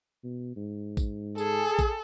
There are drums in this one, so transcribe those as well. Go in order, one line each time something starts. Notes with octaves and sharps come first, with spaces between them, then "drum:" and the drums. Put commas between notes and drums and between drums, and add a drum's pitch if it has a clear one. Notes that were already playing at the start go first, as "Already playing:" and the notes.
B2
G#2
drum: kick A1, tambourine
G#4 A4, drum: tambourine
drum: kick A1, tambourine